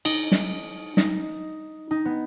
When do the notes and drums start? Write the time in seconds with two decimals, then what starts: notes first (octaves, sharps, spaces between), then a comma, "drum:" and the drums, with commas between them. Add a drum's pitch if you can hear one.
0.05 D#4, drum: cymbal
0.32 drum: snare
0.97 D#4, drum: snare
1.91 D#4
2.05 B3